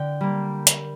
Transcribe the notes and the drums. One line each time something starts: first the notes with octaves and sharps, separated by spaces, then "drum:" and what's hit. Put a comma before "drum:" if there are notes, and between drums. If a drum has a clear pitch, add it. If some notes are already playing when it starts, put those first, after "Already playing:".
Already playing: D3 G5
G3 A#3
drum: hi-hat